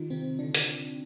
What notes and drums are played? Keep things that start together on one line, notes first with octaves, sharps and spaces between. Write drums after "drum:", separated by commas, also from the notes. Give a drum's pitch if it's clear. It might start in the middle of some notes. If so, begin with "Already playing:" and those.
Already playing: D#3 D#4 F4
C3 C4
D3 D4
drum: hi-hat